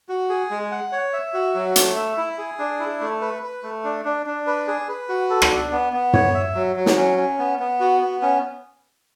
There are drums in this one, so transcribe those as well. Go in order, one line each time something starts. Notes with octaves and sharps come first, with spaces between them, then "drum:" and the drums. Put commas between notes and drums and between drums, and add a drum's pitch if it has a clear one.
F#4
G#4
G#3
F#5
C#5
E5
F#4
F#3
A3, drum: hi-hat
E5
E4
G#4
D4
E4
A3
B4
B4
A3
D4
D4
D4
B4
G#4
B4
F#4
A4
drum: rim click
D4
B3
B3
C#5, drum: tom
E5
F#3
F#3
drum: snare
C#4
C#4
B3
B3
F#4
B3
C#4